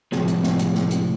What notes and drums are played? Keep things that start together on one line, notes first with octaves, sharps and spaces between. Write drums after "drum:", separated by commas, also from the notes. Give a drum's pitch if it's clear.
A2 C3 F3 G#3, drum: snare
drum: hi-hat
drum: snare
drum: hi-hat
drum: snare
drum: hi-hat